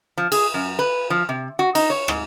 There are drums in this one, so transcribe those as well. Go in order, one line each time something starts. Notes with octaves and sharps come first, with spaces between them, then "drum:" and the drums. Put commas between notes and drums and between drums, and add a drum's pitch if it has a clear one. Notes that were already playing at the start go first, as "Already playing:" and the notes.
F3
G#4, drum: cymbal
F#2
B4
F3
C3
F#4
D#4, drum: cymbal
C#5
G#2, drum: rim click